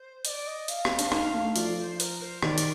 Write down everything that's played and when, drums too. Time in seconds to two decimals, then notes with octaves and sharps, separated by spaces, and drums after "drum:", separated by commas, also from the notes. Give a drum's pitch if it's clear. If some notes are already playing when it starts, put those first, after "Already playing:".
Already playing: C5
0.25 D#5, drum: hi-hat
0.28 D5
0.46 D#5
0.68 F5, drum: hi-hat
0.85 C4, drum: rim click
0.99 D4, drum: hi-hat
1.12 D#4, drum: rim click
1.34 A3
1.56 F3 D5, drum: hi-hat
1.78 C5
2.00 A#4, drum: hi-hat
2.21 C5
2.42 D#3 D5, drum: rim click
2.58 drum: hi-hat